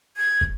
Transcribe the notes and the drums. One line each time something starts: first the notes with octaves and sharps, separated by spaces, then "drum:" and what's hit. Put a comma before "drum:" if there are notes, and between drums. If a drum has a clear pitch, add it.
G#6
drum: kick